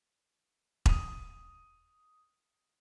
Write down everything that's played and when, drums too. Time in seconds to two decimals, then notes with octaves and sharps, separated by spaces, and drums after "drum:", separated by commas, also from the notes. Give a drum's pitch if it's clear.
0.86 D#6 D#7 F7, drum: kick E1